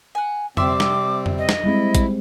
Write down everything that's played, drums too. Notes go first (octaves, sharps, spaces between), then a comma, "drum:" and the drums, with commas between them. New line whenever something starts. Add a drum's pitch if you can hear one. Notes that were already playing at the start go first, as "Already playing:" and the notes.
F#5 G#5
C3 G3 C4 E5 C6 D6, drum: tom F2
drum: snare
drum: tom F2
D#5
drum: snare
G3 G#3 C4 E4
drum: kick A1, hi-hat